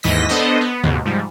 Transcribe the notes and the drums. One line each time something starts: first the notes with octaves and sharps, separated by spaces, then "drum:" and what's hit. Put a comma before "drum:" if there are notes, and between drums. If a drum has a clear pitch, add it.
D#2 G#2 E3 D#5 A#6 B6
B3 D4 A4 C5 D#5
B3
D#2 G#2 B2, drum: tom C3
G#2 F3 G3